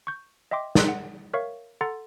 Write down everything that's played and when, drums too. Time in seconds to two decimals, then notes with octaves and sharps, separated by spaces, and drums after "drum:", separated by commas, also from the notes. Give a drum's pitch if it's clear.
0.07 C#6 G6
0.51 D#5 E5 G5 C6 D6
0.75 G#4 A#4 A#5 C6 E6 F#6, drum: snare
0.88 F#5
1.34 A#4 C#5 E5 F5 C#6
1.81 A4 F#5 A#5 C6 A6